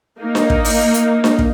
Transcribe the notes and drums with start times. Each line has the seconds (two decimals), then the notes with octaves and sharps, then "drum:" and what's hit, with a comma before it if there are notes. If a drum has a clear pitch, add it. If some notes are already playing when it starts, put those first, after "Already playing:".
0.20 A#3 D#4
0.35 drum: snare D4
0.50 drum: kick
0.65 drum: open hi-hat
0.94 drum: hi-hat
1.24 drum: snare D4
1.39 drum: kick